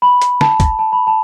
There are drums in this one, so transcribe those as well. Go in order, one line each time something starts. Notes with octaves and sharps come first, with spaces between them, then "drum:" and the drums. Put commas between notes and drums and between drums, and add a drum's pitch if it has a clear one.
B5
drum: hi-hat
A5, drum: snare
drum: kick, hi-hat
A5
B5
A5